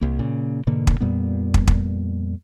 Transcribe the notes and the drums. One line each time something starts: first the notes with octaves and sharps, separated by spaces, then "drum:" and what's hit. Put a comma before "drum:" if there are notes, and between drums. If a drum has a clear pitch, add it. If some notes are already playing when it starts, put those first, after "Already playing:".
C2 A#3
A#2 C#3
G#2 B2 D3 A#3
drum: kick
F2 A#2 G3 B3
drum: kick
drum: kick